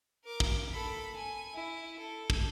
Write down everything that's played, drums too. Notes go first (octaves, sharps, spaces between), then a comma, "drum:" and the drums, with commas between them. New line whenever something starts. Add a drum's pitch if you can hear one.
A#4 D6
drum: kick
A4 B5
G#5
E4
A4
drum: kick